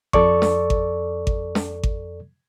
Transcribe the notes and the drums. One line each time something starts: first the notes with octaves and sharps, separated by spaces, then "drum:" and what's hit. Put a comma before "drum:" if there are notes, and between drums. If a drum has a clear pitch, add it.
F2 A4 D5 C#6, drum: kick G#1
drum: snare
drum: kick G#1
drum: kick G#1
drum: snare
drum: kick G#1